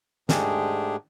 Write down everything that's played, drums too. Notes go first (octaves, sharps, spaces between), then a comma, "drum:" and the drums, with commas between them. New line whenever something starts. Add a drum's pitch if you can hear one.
G#2 A3 D4 G4 G#4, drum: snare